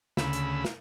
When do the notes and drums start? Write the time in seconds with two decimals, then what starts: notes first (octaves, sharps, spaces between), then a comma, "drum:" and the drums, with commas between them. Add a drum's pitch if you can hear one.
0.17 D2 C#3 B5 E6, drum: snare
0.33 drum: hi-hat
0.65 drum: snare